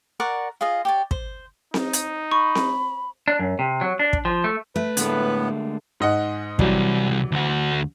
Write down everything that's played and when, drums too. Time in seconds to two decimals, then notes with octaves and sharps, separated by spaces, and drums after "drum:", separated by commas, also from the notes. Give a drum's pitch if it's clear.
0.20 A#4 D5 F#5 C#6
0.61 F4 G#4 D#5 F5
0.85 G4 C#5 D5
1.11 C5, drum: kick
1.74 D#4, drum: snare C4
1.93 drum: hi-hat
2.31 B5 C#6
2.55 drum: snare C4
3.28 D4
3.39 F#2
3.59 C3
3.81 F#3
3.99 D4
4.13 drum: kick
4.25 F3
4.44 A3
4.76 A3 B4
4.97 A2 D3 G#3 A#3 B3, drum: hi-hat
6.00 G#2 D#5 F#5
6.59 C2 E3 F#3 G3 D5, drum: kick
7.32 D2 F#4